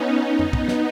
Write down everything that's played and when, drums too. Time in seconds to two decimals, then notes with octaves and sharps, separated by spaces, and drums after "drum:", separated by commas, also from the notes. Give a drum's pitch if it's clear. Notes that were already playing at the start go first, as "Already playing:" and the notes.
Already playing: B3 C#4 D#4
0.25 D#4
0.39 drum: tom F2
0.53 B3, drum: kick
0.68 drum: snare